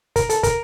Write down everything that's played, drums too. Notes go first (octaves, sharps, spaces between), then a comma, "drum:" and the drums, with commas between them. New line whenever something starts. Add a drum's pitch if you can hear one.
A#4, drum: kick, hi-hat
A4, drum: hi-hat
A#4, drum: kick, hi-hat